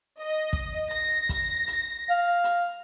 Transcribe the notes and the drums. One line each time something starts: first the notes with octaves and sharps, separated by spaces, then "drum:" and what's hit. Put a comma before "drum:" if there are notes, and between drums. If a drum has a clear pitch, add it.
D#5
drum: kick
A#6
drum: kick, hi-hat
drum: hi-hat
F5
drum: hi-hat